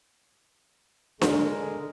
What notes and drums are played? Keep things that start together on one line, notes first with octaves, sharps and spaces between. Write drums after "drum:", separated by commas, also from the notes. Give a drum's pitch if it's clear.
D#2 G#2 D3 G#3 A#4, drum: snare D4